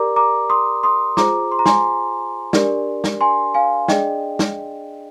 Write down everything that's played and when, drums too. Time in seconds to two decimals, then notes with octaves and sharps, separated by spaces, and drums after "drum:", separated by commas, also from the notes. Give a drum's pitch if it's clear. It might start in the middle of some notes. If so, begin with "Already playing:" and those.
Already playing: G4 A#4 D5 A#5 D6
0.16 A#5 D6
0.50 C6 D#6
0.83 C6 D#6
1.17 F4 G#4 C5 A#5 D6, drum: snare
1.52 C6
1.59 A#5
1.66 G#5 C6, drum: snare
2.53 D4 G4 A#4 D5, drum: snare
3.04 drum: snare
3.21 G#5 C6
3.55 F5 G#5
3.88 D4 G#4 D5 D#5 G5, drum: snare
4.39 drum: snare